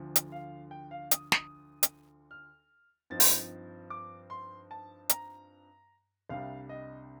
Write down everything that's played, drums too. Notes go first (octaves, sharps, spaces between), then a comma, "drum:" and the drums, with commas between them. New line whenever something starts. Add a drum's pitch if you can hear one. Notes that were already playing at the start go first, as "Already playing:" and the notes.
Already playing: D2 D3 F3
drum: hi-hat
F5
G5
F5
D#6, drum: hi-hat
D#6, drum: snare
drum: hi-hat
F6
G2 F3 C4 D#4 A6
drum: open hi-hat
D6
C6
A5
A#5, drum: hi-hat
C2 C3 G3 D4 F5
D#5